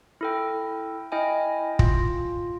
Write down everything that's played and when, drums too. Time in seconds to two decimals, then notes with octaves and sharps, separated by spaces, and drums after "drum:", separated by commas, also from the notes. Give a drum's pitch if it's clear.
0.21 E4 A4 G5
1.12 E4 D#5 G5 G#5
1.79 F4, drum: kick